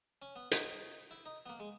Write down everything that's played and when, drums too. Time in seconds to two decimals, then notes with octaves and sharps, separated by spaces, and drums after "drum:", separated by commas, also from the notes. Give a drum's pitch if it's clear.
0.22 C#4
0.36 B3
0.51 D#4, drum: hi-hat
1.11 E4
1.26 D#4
1.46 B3
1.49 A#3
1.60 G#3